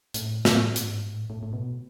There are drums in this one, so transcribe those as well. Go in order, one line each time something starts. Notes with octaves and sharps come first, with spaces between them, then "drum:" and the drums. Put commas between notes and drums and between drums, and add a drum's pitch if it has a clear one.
A2, drum: hi-hat
A2, drum: snare
G#2, drum: hi-hat
A2
A2
A2
B2